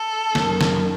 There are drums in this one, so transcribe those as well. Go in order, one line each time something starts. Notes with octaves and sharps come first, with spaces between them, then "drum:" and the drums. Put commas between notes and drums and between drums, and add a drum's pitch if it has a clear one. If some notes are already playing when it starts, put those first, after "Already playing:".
Already playing: A4
F#2 D#3, drum: snare
drum: snare